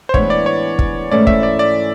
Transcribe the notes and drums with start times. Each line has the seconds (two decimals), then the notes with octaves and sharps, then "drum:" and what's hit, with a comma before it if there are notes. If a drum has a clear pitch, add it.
0.09 C5
0.14 A2 E3 G#3 B3 D4 C#5, drum: kick
0.30 D5
0.46 C#5
0.79 drum: kick
1.11 G#2 E3 A3 C#4 D5
1.27 E5, drum: kick
1.43 D5
1.59 D5